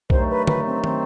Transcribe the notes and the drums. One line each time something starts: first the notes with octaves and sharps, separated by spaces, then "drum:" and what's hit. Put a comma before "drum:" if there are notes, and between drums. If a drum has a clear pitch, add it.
G2 D#3 F#3 A3 C5, drum: kick A#1
B4
B4, drum: tom D3
C4
C4, drum: tom